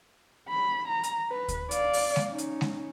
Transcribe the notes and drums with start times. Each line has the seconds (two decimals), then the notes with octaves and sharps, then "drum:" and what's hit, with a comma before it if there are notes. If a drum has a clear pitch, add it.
0.49 B5
0.88 A#5
1.03 drum: hi-hat
1.30 B4
1.48 drum: kick D2, hi-hat
1.71 D5 F5, drum: hi-hat
1.93 drum: open hi-hat
2.16 drum: snare G#3
2.29 C#4 D#4
2.38 drum: hi-hat
2.61 drum: snare G#3